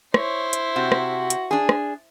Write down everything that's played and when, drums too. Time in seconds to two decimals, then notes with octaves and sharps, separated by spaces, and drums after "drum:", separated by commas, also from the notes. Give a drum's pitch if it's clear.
0.14 E4 C5 C#5, drum: rim click
0.53 drum: hi-hat
0.76 C3 F#4
0.92 drum: rim click
1.30 drum: hi-hat
1.51 D4 G#4
1.69 drum: rim click